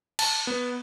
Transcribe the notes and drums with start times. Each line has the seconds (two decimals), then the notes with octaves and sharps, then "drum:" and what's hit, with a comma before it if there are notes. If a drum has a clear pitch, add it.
0.19 A5, drum: cymbal
0.47 B3